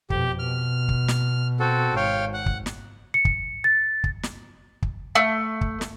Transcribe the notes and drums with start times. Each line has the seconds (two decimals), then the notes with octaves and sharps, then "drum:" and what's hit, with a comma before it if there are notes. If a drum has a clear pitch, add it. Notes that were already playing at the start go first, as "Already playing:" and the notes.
0.10 F2 B2 G4, drum: kick
0.39 B2 F6
0.89 drum: kick
1.08 drum: snare
1.60 C4 F#4 A4
1.96 G#1 C#5 F5 G5
2.34 F#5
2.46 drum: kick
2.66 drum: snare
3.14 C#7
3.25 drum: kick
3.64 A6
4.04 drum: kick
4.23 drum: snare
4.82 drum: kick
5.15 A3
5.61 drum: kick
5.81 drum: snare